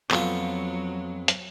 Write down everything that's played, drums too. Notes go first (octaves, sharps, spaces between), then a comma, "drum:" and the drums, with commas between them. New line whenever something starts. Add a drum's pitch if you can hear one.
F2 F#3 B3 F4, drum: clap
drum: hi-hat